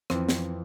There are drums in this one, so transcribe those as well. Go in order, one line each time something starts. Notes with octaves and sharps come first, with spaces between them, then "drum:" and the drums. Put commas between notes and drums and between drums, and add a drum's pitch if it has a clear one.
F2 E3 C4 C5, drum: rim click
drum: snare